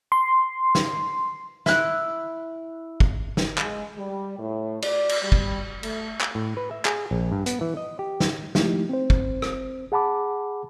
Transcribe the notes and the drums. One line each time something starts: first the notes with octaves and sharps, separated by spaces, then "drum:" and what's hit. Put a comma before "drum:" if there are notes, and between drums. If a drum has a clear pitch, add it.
C6
drum: snare
E4 F#6, drum: snare
drum: kick
drum: snare
G#3, drum: clap
G3
A2
D5, drum: cymbal
drum: cymbal
G3
drum: kick
A3, drum: cymbal
drum: clap
A2
B4
E5
G#4, drum: clap
A#1
G2
B3, drum: hi-hat
E3
D#5
G4
drum: snare
F3 G#3 A3 D#4 E4 G4, drum: snare
C4 C5
drum: kick
drum: rim click
G#4 F#5 A5 B5 D6